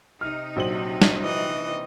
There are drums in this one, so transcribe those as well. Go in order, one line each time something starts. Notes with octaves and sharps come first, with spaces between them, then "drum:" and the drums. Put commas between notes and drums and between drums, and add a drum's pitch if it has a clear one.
C3 D#4 F6
A#1 F#3 C5 F#7
drum: snare
E3 D#5